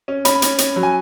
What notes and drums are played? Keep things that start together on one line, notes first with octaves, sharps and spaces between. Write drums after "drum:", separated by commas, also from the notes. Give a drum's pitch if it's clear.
C#4
C#4 B5, drum: hi-hat
C#4, drum: hi-hat
C#4, drum: hi-hat
F#3
G#5